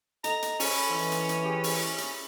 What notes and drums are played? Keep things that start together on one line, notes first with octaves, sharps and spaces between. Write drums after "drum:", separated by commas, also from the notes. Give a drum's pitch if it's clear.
A4 D#5 A#5, drum: hi-hat
drum: hi-hat
C#4 A4 G#5 B5, drum: open hi-hat
E3 C6
drum: hi-hat
drum: hi-hat
E4 G4 G#4
drum: open hi-hat
drum: hi-hat